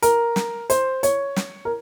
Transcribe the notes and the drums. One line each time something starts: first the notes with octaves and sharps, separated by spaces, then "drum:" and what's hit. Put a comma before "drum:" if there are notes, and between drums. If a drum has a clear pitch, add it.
A#4, drum: hi-hat
drum: snare
C5, drum: hi-hat
C#5, drum: hi-hat
drum: snare
A#4